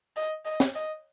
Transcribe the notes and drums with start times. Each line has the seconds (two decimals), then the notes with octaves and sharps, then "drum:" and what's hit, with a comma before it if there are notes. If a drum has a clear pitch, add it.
0.17 D#5
0.45 D#5
0.60 drum: snare
0.75 D#5